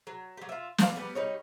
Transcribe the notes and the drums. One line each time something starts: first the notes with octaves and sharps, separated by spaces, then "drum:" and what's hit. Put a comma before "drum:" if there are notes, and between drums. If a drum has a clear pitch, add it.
F#3
F#3 G4
F4 E5
B3 D4 F5, drum: snare
G3 B3 G4
G3 D#4 C#5